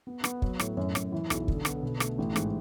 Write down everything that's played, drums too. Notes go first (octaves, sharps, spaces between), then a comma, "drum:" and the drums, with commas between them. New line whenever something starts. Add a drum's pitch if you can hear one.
B3
B3, drum: rim click
F#3, drum: kick
A2, drum: rim click
F#2
F#2, drum: rim click
E3
B1, drum: rim click
D3, drum: kick
B3, drum: rim click
B2
A3, drum: rim click
A1
G#2, drum: rim click